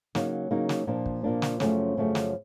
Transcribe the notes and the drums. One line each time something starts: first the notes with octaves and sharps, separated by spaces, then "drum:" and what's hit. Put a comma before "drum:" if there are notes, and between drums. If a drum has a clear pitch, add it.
C#3 F#3 A#3 D#4, drum: snare
C#3 F#3 A#3 D#4
drum: snare
A#2 F3 A#3 D4
drum: kick
A#2 F3 A#3 D4
drum: snare
F#2 C#3 F3 A3 C#4, drum: snare
F#2 C#3 F3 A3 C#4
drum: snare